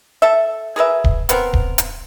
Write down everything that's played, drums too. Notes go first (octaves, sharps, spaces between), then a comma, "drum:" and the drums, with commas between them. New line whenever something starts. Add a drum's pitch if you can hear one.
A4 E5
G#4 A#4 B4 E5
drum: kick D1
B3 C4 A#4, drum: hi-hat
drum: kick D1
drum: hi-hat